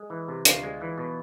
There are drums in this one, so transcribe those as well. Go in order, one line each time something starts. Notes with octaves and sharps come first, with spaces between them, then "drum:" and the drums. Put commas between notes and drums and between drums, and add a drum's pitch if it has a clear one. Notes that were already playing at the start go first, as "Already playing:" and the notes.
Already playing: G#3
E3
C3
D2 F4, drum: hi-hat
G#3
E3
B2